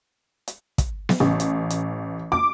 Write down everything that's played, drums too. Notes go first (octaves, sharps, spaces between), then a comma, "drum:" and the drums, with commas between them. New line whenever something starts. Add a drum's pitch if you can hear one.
drum: hi-hat
drum: kick, hi-hat
drum: snare B3
A1
drum: hi-hat
drum: hi-hat
D6